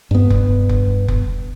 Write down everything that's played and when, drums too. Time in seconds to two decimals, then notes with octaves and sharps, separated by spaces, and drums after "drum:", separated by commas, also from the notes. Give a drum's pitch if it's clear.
0.11 G2 B3
0.30 drum: kick F1
0.69 drum: kick F1
1.08 drum: kick F1